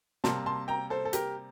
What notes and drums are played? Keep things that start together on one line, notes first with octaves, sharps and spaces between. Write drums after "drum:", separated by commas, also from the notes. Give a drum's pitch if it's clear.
C3 G3 A#3 A5 C6, drum: snare
A5 C6
G5 A#5
A4 C5
A4
G4 A#4, drum: hi-hat